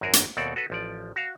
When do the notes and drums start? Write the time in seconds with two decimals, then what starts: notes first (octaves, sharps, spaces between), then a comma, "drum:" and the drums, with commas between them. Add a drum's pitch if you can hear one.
0.01 G#1 F#2 F#4 G#4 A#4
0.13 drum: hi-hat
0.37 D#2 B2 C4 A4 D5 F#5
0.56 F#4 A4 B4
0.70 A1 F3 D5
1.16 F#4 F5